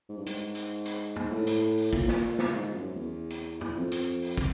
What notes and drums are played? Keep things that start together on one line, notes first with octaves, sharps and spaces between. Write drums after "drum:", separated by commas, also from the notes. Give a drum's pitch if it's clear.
G#2
G2
G#2, drum: hi-hat
drum: hi-hat
drum: hi-hat
drum: tom
A2
drum: hi-hat
drum: open hi-hat
A#2, drum: kick
drum: snare
drum: snare
G#2
F#2
E2
drum: hi-hat
drum: tom
F2
drum: hi-hat
drum: open hi-hat
drum: kick